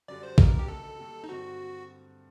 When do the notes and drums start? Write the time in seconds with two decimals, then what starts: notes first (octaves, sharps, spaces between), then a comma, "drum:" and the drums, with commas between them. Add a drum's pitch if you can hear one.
0.08 F#2 D3 G3 D5
0.23 C5
0.38 D2 D3 F#3 A#3 D4 A#4, drum: kick A#1
0.59 G4
0.68 F#1 F#2 D#3 F#3 A3 A4
0.98 D#2 D#3 G3
1.24 D#4
1.29 G2 D3 F#3 C4 F#4